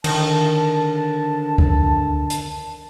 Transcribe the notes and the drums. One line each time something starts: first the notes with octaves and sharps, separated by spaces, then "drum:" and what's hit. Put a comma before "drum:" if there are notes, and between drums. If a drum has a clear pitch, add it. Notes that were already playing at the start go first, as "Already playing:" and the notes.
D3 D#3 A5, drum: cymbal
drum: kick C#2
drum: hi-hat